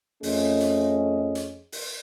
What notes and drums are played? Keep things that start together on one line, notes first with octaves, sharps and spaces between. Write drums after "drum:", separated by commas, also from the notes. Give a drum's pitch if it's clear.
F2 A3 C#4 G#4 D#5, drum: open hi-hat
drum: hi-hat
drum: hi-hat
drum: open hi-hat